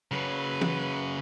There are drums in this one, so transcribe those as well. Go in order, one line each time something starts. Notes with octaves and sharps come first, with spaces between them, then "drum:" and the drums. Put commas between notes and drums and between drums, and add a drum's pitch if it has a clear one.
C#3 F#3 B4
drum: tom E3